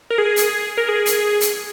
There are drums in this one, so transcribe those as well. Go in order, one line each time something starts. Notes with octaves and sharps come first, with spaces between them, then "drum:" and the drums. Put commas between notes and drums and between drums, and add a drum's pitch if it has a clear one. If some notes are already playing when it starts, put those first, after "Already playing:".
A#4
G#4
drum: hi-hat
A#4
G#4
drum: hi-hat
drum: hi-hat